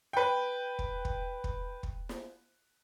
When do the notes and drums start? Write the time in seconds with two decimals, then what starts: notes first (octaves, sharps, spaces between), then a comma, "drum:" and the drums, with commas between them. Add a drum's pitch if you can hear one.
0.13 B4 G5
0.79 drum: kick
1.05 drum: kick
1.44 drum: kick
1.83 drum: kick
2.09 drum: snare